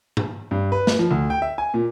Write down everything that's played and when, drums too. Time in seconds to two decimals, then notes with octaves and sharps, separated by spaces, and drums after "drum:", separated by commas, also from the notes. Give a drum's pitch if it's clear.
0.17 drum: tom G#2
0.51 G2
0.72 B4
0.87 drum: snare
0.99 F3
1.11 D2
1.30 G5
1.42 E5
1.58 G#5
1.74 A#2